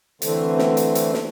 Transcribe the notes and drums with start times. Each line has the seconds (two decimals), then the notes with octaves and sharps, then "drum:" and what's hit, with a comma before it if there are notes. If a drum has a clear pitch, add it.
0.22 D3 E3 A3 C4, drum: hi-hat
0.58 drum: snare
0.77 drum: hi-hat
0.95 drum: hi-hat
1.14 drum: snare